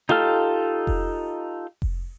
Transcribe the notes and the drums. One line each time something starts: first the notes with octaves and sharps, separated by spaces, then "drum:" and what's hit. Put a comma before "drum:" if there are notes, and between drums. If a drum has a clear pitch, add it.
D#4 F4 G4 A4 F6, drum: tom E4
drum: kick F1
drum: kick F1